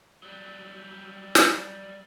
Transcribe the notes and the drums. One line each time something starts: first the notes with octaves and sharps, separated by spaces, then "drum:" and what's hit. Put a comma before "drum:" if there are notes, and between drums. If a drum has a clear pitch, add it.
F#3 G3
drum: snare